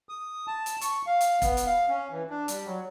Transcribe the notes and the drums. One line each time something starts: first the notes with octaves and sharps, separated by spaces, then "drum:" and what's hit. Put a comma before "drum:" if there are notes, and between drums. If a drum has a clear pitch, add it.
D#6
A5
drum: hi-hat
C#6, drum: hi-hat
F5
drum: hi-hat
B3, drum: kick E1, hi-hat
drum: hi-hat
F5
C#4
E3
D4
G3, drum: hi-hat
F#3